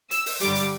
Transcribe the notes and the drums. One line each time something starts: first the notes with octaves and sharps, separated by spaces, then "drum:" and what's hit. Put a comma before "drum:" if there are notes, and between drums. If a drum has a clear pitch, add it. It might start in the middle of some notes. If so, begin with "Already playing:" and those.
E6, drum: hi-hat
drum: open hi-hat
G2 D3 G3 D6, drum: hi-hat
drum: hi-hat